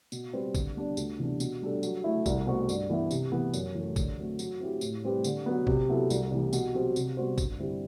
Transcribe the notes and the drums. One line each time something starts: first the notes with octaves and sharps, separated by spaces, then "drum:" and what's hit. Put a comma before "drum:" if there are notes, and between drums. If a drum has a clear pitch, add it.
B2, drum: tambourine
G3 C4 G4 B4
D3, drum: kick, tambourine
G3 B3 D4
D2, drum: tambourine
C3 E3 B3 D4
B2, drum: tambourine
G3 D4 A4
F#3, drum: tambourine
A3 E4
C2, drum: kick, tambourine
B2 A3 C4 F#4
G2, drum: tambourine
E3 B3 E4
C3, drum: tambourine
E3 B3
F#2, drum: tambourine
E3 A3
D3, drum: kick, tambourine
F#3 A3 C4
F#3, drum: tambourine
C4 E4 G4
A2, drum: tambourine
G3 C4 G4 B4
D3, drum: tambourine
F#3 B3
C3, drum: kick
F#3 B3 E4 A4
C2, drum: tambourine
C3 E3
B2, drum: tambourine
F#3 C4 G4
C3, drum: tambourine
G3 B3 F#4 C5
G2, drum: kick, tambourine
D3 G3 C4 E4